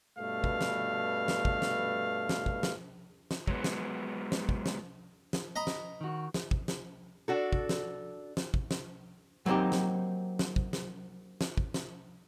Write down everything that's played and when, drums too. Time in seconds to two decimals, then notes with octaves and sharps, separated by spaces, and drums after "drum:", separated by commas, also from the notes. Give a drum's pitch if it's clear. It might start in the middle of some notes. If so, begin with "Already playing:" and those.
0.18 G2 B2 A3 F5
0.44 drum: kick
0.61 drum: snare
1.28 drum: snare
1.45 drum: kick
1.62 drum: snare
2.29 drum: snare
2.46 drum: kick
2.63 drum: snare
3.31 drum: snare
3.47 F#3 G#3 B3, drum: kick
3.64 drum: snare
4.32 drum: snare
4.49 drum: kick
4.66 drum: snare
5.33 drum: snare
5.56 D#5 A#5 B5
5.67 drum: snare
6.01 D#3 F#4
6.34 drum: snare
6.51 drum: kick
6.68 drum: snare
7.28 D4 F#4 A4
7.53 drum: kick
7.69 drum: snare
8.37 drum: snare
8.54 drum: kick
8.71 drum: snare
9.46 F#3 A#3 C4 D#4 G4
9.72 drum: snare
10.39 drum: snare
10.56 drum: kick
10.73 drum: snare
11.41 drum: snare
11.58 drum: kick
11.74 drum: snare